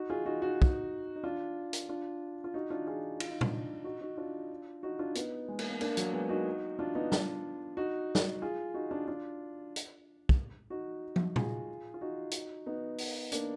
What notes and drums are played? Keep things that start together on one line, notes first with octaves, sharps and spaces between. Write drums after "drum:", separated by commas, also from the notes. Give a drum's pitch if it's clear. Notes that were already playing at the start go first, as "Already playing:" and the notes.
Already playing: D#4 F#4
F4 G#4
D#4 F#4
D#4 F#4
drum: kick
D#4
D4 F4
drum: hi-hat
D4 F4
F4
D#4 F#4
D4 F4
F4 G#4
F4, drum: cymbal
D#4
D4 F4, drum: tom A#2
D#4 F#4
D#4 F#4
D4 F4
D#4 F#4
D4 F4
B3 D#4, drum: hi-hat
G#3
A#3, drum: cymbal
B3
A#3 D4, drum: cymbal
F#3 A#3, drum: hi-hat
G#3 B3
D#4 F#4
D4 F4
B3 D#4
D4 F4, drum: snare
D#4 F#4
drum: snare
F4 G#4
D#4 F#4
D4 F4
D4 F4
drum: hi-hat
drum: kick
D#4 F#4
drum: tom
F4 G#4, drum: tom A#2
F4
D#4 F#4
drum: hi-hat
B3 D#4
drum: open hi-hat
A#3 D4, drum: hi-hat